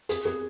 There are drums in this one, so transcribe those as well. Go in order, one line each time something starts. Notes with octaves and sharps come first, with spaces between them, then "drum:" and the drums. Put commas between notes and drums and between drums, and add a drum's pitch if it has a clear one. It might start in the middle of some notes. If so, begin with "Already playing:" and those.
G#4, drum: hi-hat
G#4